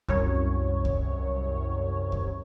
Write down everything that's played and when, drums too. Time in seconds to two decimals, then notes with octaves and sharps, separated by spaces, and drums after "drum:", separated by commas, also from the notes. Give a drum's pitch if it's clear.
0.09 C2 F#2 C#5, drum: kick D2
0.85 drum: kick D2
2.12 drum: kick D2